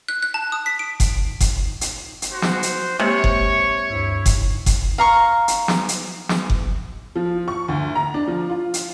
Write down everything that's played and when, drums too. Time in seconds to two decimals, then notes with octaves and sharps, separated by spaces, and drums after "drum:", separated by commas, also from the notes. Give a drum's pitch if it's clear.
0.09 F#6
0.22 F#6
0.34 A5
0.52 D#6
0.66 B6
0.79 D7
1.00 drum: kick F#1, hi-hat
1.40 drum: kick F#1, hi-hat
1.81 drum: hi-hat
2.22 drum: hi-hat
2.33 F#4 C5
2.42 drum: snare
2.63 drum: hi-hat
3.00 C3 G#3 A#3 G4 C#5 C#6
3.24 drum: kick F#1
3.90 D2 G2 E4
4.26 drum: kick F#1, hi-hat
4.66 drum: kick F#1, hi-hat
4.98 F5 A#5 C#6
5.48 drum: hi-hat
5.68 drum: snare
5.89 drum: hi-hat
6.29 drum: snare
6.50 drum: kick F#1
7.15 F3
7.48 C#6
7.68 D2
7.95 A#5
8.14 D4
8.28 F3
8.50 F4
8.74 drum: hi-hat